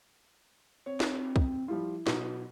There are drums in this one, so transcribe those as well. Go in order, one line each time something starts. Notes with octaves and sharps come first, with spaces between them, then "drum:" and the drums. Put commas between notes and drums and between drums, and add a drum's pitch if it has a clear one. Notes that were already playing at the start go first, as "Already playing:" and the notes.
C4 C#5
drum: snare
drum: kick
F3 G3 E4 F4
B2 F#3, drum: snare